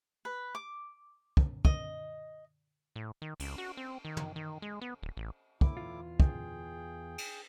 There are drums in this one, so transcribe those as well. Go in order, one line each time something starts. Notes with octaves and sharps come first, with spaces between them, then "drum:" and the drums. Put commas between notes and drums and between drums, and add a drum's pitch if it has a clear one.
B4
D6
drum: kick
D#5, drum: kick
A2
D#3
C#2, drum: cymbal
F#4
C4
D#3
drum: tom
D#3
G#3
B3
D1
A1
A2 E4 D6, drum: kick
E2 F4
G#4 G5, drum: kick
drum: cymbal